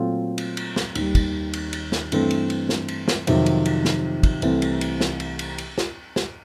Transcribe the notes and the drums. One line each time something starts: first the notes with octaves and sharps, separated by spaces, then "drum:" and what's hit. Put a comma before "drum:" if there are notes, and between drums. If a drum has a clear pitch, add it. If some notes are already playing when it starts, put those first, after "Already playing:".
Already playing: A#2 F#3 A3 C4 F4
drum: cymbal
drum: cymbal
drum: snare
D#2 D#3 G3, drum: cymbal
drum: kick, cymbal
drum: cymbal
drum: cymbal
drum: snare
G2 E3 A3 C4, drum: cymbal
drum: cymbal
drum: cymbal
drum: snare
drum: cymbal
drum: snare
F2 C3 D#3 F#3, drum: cymbal
drum: cymbal
drum: cymbal
drum: snare
drum: kick, cymbal
C2 C3 E3 A3 C4, drum: cymbal
drum: cymbal
drum: cymbal
drum: snare
drum: cymbal
drum: cymbal
drum: cymbal
drum: snare
drum: snare